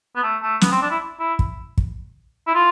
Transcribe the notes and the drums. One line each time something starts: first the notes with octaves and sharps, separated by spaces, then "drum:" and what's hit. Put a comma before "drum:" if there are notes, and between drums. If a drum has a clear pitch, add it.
B3
A3
A3
B3, drum: snare
C4
D4
E4
E4
drum: kick
drum: kick
E4
F4